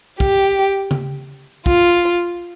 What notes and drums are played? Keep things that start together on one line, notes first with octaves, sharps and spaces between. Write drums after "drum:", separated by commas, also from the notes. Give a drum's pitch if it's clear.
G4, drum: kick
drum: tom C#3
F4, drum: kick